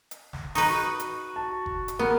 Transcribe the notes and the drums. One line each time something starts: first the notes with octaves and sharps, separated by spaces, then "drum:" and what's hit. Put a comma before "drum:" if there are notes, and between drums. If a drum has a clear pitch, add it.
drum: hi-hat
drum: snare
D#4 B4 C#6, drum: open hi-hat
F#4
drum: hi-hat
A5
drum: kick F#1
drum: hi-hat
A#3 B3